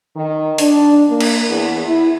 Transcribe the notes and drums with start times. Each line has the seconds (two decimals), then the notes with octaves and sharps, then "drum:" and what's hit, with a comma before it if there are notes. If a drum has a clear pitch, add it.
0.16 D#3
0.58 D4, drum: open hi-hat
1.10 A#3
1.21 drum: cymbal
1.48 E2
1.87 E4